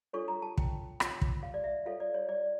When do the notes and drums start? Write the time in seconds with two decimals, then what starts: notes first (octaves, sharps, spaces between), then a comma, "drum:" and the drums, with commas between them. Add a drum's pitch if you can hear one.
0.13 D4 F4 A4 C#5 C#6
0.28 A#5
0.42 A5
0.58 G5, drum: kick
1.00 F4 C#5, drum: rim click
1.22 drum: kick
1.43 F5
1.54 D5
1.64 E5
1.85 F4 A4 C#5 F5
2.00 D5
2.14 C#5
2.29 D5